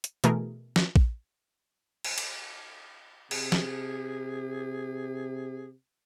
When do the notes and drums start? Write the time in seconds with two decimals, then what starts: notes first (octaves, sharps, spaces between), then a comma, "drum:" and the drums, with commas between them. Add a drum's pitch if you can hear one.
0.04 drum: hi-hat
0.24 B2 E3 A3 G#4 A#4, drum: hi-hat
0.76 drum: snare
0.96 drum: kick
2.04 drum: cymbal
2.18 drum: cymbal
3.31 C3 G#4, drum: cymbal
3.52 drum: snare